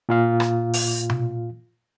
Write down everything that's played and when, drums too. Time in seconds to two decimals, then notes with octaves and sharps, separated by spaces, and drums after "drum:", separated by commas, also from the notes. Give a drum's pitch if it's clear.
0.09 A#2 F4 F5
0.40 drum: rim click
0.74 drum: open hi-hat
1.10 drum: tom B2